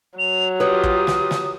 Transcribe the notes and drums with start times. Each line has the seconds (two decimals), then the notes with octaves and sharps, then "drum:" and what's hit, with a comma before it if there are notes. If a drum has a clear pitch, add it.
0.19 F#3 F7
0.60 F4 G4 B4 C#5 D#6
0.84 drum: kick
1.07 drum: snare
1.31 drum: snare